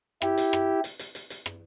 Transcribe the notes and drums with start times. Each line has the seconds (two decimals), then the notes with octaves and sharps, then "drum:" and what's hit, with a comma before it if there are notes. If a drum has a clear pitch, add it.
0.22 E4 G4, drum: rim click
0.38 drum: hi-hat
0.53 drum: rim click
0.84 drum: hi-hat
0.99 drum: hi-hat
1.15 drum: hi-hat
1.30 drum: hi-hat
1.46 drum: rim click